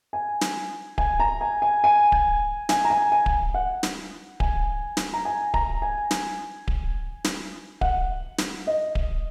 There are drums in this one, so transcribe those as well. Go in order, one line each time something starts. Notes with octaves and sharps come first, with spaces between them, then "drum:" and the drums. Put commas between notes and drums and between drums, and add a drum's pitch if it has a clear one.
G#5
drum: snare
G#5, drum: kick D1
A#5
G#5
G#5
G#5
drum: kick D1
G#5, drum: snare
A#5
G#5
G#5
drum: kick D1
F#5
drum: snare
G#5, drum: kick D1
drum: snare
A#5
G#5
A#5, drum: kick D1
G#5
drum: snare
drum: kick D1
drum: snare
F#5, drum: kick D1
drum: snare
D#5
drum: kick D1